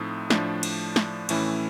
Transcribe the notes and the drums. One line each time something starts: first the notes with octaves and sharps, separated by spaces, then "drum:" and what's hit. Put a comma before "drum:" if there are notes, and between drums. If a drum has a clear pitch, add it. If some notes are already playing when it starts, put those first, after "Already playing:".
Already playing: A2 F3 A3 C4 D#4
A2 F3 A3 D4, drum: snare
drum: cymbal
drum: snare
A2 E3 A3 C#4 E4, drum: cymbal